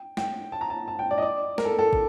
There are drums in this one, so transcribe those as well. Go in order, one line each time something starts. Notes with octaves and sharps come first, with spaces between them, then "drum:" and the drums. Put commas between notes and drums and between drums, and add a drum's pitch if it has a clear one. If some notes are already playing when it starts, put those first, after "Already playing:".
Already playing: G5
G5, drum: snare
A5
A#5
A5
A5
G5
D5
D#5
D5
A#4, drum: snare
A4
A4
drum: kick